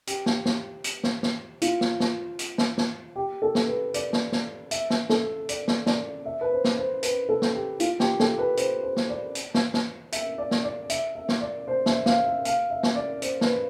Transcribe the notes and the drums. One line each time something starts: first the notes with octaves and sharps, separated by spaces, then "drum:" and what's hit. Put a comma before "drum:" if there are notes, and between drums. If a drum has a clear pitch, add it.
G4, drum: hi-hat
drum: snare
drum: snare
drum: hi-hat
drum: snare
drum: snare
F4, drum: hi-hat
drum: snare
drum: snare
drum: hi-hat
drum: snare
drum: snare
G4
A4
drum: snare
B4
D5, drum: hi-hat
drum: snare
drum: snare
E5, drum: hi-hat
drum: snare
A4, drum: snare
D5, drum: hi-hat
drum: snare
D5, drum: snare
E5
B4
C5
drum: snare
C5
B4, drum: hi-hat
A4
drum: snare
G4
F4, drum: hi-hat
G4, drum: snare
A4, drum: snare
B4
C5, drum: hi-hat
C5
drum: snare
D5
drum: hi-hat
drum: snare
drum: snare
E5, drum: hi-hat
D5
drum: snare
D5
E5, drum: hi-hat
E5
drum: snare
D5
C5
E5, drum: snare
F5, drum: snare
E5
F5, drum: hi-hat
E5
drum: snare
D5
C5, drum: hi-hat
B4, drum: snare